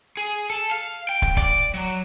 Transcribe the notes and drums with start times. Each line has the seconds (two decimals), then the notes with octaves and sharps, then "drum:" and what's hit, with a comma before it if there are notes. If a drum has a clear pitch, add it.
0.17 G#4
0.50 A4
0.72 F5
1.09 G5
1.22 drum: kick
1.37 D5, drum: kick
1.74 F#3